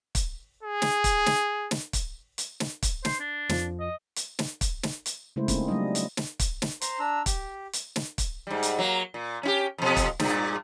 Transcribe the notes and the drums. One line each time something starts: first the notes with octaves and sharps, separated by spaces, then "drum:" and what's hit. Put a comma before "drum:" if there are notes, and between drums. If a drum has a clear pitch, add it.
drum: kick, hi-hat
G#4
drum: snare
drum: kick, hi-hat
drum: snare
drum: snare
drum: kick, hi-hat
drum: hi-hat
drum: snare
drum: kick, hi-hat
C5, drum: snare
D4
F2 F3, drum: snare
D#5
drum: hi-hat
drum: snare
drum: kick, hi-hat
drum: snare
drum: hi-hat
C#3 G#3 A3 E4 C5
A#3 C4 D#4, drum: kick, hi-hat
F#3 G3 A3 D4 D#5
drum: hi-hat
drum: snare
drum: kick, hi-hat
drum: snare
C5 A#5 C6, drum: hi-hat
D4 A#5 E6
G4, drum: kick, hi-hat
drum: hi-hat
drum: snare
drum: kick, hi-hat
G#2 G3
drum: hi-hat
F#3 A#3
A#2
C#4 E4 G4
F2 B2
drum: kick, hi-hat
G2 A#2, drum: snare